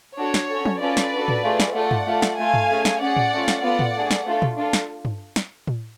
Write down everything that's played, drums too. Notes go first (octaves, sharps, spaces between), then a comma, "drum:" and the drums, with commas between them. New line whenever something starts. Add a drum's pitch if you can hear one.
D4 F#4 A4 C#5
drum: snare
C#4 F#4 A4
drum: tom
C#4 F4 A4 B4 D5
drum: snare
D4 F#4 A4
drum: tom A2
A3 F4 G#4
drum: snare
A3 F4 A4 D5 F#5
drum: tom G2
A3 F4 A4
drum: snare
A3 F4 A4 F5 G#5
drum: tom G2
A3 C#4 G#4
drum: snare
C#4 G#4 D5 F#5
drum: tom A2
A3 C#4 F4
drum: snare
B3 F4 A4 D5 F#5
drum: tom A2
A3 D4 G#4
drum: snare
A3 D4 F4 A4
drum: tom A#2
D4 F4 A4
drum: snare
drum: tom G2
drum: snare
drum: tom A2